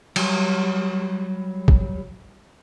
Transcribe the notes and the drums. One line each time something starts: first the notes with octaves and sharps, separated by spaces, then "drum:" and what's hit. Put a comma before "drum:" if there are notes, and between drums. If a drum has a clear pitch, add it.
F#3 G3, drum: cymbal
drum: kick